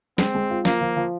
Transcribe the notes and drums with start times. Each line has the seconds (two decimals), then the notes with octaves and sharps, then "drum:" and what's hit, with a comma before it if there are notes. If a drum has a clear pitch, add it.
0.18 G#3 C4, drum: snare
0.35 G#3
0.50 F4
0.65 F3 A#3, drum: snare
0.81 F3
0.97 F3